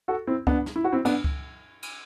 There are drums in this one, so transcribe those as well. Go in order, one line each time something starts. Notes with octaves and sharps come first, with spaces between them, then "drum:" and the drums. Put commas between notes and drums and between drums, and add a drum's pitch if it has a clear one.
F#4 A4
C4 E4
B3 D4, drum: kick C#2
drum: snare
E4
F#4
C4 E4
B3 D4, drum: cymbal
drum: kick C#2
drum: cymbal